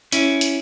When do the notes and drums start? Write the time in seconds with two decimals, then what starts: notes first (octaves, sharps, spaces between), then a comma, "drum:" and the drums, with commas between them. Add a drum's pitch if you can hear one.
0.12 C#4 E4, drum: hi-hat
0.41 drum: hi-hat